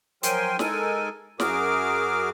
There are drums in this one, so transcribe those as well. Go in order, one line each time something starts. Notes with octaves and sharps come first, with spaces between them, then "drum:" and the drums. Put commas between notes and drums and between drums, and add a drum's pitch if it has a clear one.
F3 F#3 A#4 G5 G#5 C6, drum: hi-hat
G#3 D#4 A4 A#4 G#5, drum: snare
F#2 F#4 G#4 A#4 D6 F6, drum: snare